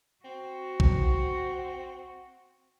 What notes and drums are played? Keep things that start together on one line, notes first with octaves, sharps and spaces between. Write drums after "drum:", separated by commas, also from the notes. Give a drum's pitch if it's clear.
C4 F#4
drum: kick A#1